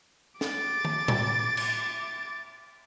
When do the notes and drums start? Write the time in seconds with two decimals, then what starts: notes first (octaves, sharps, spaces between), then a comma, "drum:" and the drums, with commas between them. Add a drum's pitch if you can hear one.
0.41 D6 A6, drum: snare
0.85 drum: tom D#3
1.08 drum: tom A2
1.57 drum: cymbal